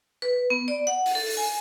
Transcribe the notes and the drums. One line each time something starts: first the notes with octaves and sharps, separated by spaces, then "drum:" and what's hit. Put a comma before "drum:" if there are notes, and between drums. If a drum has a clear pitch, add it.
B4
B3
D5
F#5
drum: open hi-hat
A4
drum: open hi-hat
G#5